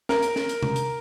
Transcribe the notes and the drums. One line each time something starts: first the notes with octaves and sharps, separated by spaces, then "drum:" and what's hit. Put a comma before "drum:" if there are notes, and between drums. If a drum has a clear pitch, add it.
A#4, drum: snare
drum: hi-hat
drum: snare
drum: hi-hat
drum: tom C3
drum: hi-hat